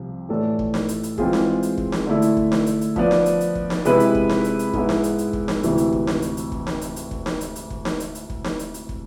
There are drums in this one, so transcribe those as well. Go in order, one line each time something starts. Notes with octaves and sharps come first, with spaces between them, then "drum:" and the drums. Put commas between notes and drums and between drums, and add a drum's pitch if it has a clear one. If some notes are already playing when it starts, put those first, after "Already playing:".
Already playing: C2 C3 F3
A2 E3 A3 D4 A4
drum: kick
drum: snare D#4
drum: hi-hat
drum: hi-hat
E3 G#3 C4 F4 G#4, drum: kick
drum: snare D#4
drum: hi-hat
drum: kick
drum: snare D#4
D3 A3 E4
drum: hi-hat
drum: kick
drum: snare D#4
drum: hi-hat
drum: hi-hat
F3 B3 D4, drum: kick
drum: snare D#4
drum: hi-hat
drum: hi-hat
drum: kick
drum: snare D#4
C3 G#3 B3 E4 B4, drum: hi-hat
drum: hi-hat
drum: kick
drum: snare D#4
drum: hi-hat
drum: hi-hat
G#2 G#3 B3 E4, drum: kick
drum: snare D#4
drum: hi-hat
drum: hi-hat
drum: kick
drum: snare D#4
D2 C3 E3 B3 E4, drum: hi-hat
drum: hi-hat
drum: kick
drum: snare D#4
drum: hi-hat
drum: hi-hat
drum: kick
drum: snare D#4
drum: hi-hat
drum: hi-hat
drum: kick
drum: snare D#4
drum: hi-hat
drum: hi-hat
drum: kick
drum: snare D#4
drum: hi-hat
drum: hi-hat
drum: kick
drum: snare D#4
drum: hi-hat
drum: hi-hat
drum: kick